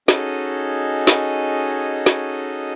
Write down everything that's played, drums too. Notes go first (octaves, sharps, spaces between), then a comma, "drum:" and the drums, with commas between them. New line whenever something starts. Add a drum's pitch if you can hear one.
C#4 D#4 F#4 G#4 A4 D#5, drum: snare
drum: snare
drum: snare